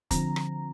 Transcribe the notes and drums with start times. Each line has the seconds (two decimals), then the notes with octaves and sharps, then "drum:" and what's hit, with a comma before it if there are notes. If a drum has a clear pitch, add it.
0.11 D3 F3 C4 A#5, drum: kick, hi-hat
0.36 drum: rim click